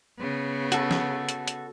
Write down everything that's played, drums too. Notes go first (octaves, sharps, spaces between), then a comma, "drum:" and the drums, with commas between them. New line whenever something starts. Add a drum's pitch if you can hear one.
C#3 B3
F#4 A4, drum: hi-hat
drum: snare
drum: hi-hat
drum: hi-hat